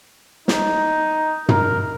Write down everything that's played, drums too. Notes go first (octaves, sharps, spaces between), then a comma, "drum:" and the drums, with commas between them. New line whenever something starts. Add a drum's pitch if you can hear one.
D#4, drum: snare
A#4, drum: tom